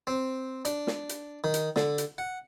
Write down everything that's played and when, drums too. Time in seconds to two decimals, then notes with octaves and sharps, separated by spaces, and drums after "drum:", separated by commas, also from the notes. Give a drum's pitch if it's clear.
0.07 C4
0.65 D4, drum: hi-hat
0.87 drum: snare
1.09 drum: hi-hat
1.44 D#3
1.54 drum: hi-hat
1.76 D3, drum: snare
1.98 drum: hi-hat
2.18 F#5